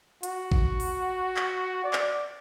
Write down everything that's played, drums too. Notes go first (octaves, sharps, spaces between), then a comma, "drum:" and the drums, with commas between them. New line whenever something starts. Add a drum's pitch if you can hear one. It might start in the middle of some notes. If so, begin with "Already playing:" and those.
F#4, drum: hi-hat
drum: kick G#1
drum: open hi-hat
drum: clap
D5
drum: clap